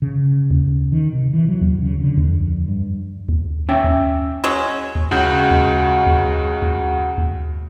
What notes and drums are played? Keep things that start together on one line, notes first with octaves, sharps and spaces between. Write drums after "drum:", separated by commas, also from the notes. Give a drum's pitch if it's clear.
C#3
drum: kick D2
D#3
C3
E3
F#3
drum: kick D2
C#3
D3
drum: kick D2
F2
G2
drum: kick D2
C#4 E5 G5
drum: kick D2
F#3 G#3 C#4
drum: kick D2
C#2 C#3 G#3 F#4 G6
drum: kick D2
drum: kick D2
drum: kick D2
drum: kick D2